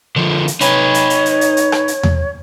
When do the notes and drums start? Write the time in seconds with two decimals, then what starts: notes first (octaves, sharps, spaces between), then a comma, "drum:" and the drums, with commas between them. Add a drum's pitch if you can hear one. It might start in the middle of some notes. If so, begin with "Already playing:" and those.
0.16 D3 F3
0.48 drum: hi-hat
0.61 D#4 B4 C#5, drum: hi-hat
0.94 drum: hi-hat
1.10 drum: hi-hat
1.26 drum: hi-hat
1.41 drum: hi-hat
1.57 drum: hi-hat
1.72 drum: rim click
1.88 drum: hi-hat
2.03 drum: tom E2